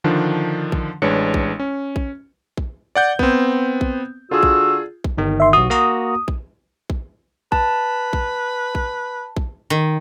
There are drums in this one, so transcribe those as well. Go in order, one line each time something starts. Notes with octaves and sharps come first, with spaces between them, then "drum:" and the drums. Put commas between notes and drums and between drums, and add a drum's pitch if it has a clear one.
D3 D#3 F3 D4
drum: kick A#1
A1 G#3 D4 B4 C#5 C#7
drum: kick A#1
C#4
drum: kick A#1
drum: kick A#1
D5 F#5 G6
B3 C4, drum: kick A#1
drum: kick A#1
D3 F4 F#4 G#4 E6
drum: kick A#1
drum: kick A#1
G1 D#3
E5 C6
B1 F#4 D#6
A#3 F#4 A#5
drum: kick A#1
drum: kick A#1
B4 A5, drum: kick A#1
drum: kick A#1
drum: kick A#1
drum: kick A#1
D#3